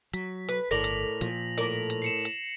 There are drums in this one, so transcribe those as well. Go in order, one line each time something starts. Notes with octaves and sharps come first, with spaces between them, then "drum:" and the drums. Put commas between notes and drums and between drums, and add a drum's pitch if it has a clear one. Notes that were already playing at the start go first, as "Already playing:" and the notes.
F#3 B6, drum: hi-hat
B4, drum: hi-hat
G1 A2 A#4 D5 A#6 F7 F#7
drum: hi-hat
A#2 F3, drum: hi-hat
A2 A#4 D5 F#7, drum: hi-hat
drum: hi-hat
C7 C#7 E7
drum: hi-hat